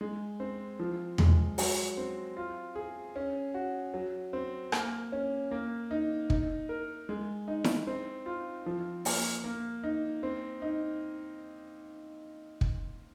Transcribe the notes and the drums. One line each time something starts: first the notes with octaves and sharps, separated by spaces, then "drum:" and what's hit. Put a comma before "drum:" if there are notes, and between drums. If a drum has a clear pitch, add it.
G#3
C4
F3
G#3, drum: tom E2
F#3, drum: open hi-hat
C4
F4
G#4
C#4
F#4
F#3
C4
A#3, drum: rim click
C#4
A#3
D#4
D#4, drum: kick
A#4
G#3
D#4
drum: snare E4
C4
F4
F3
A#3, drum: open hi-hat
A#3
D#4
C4
D#4
drum: kick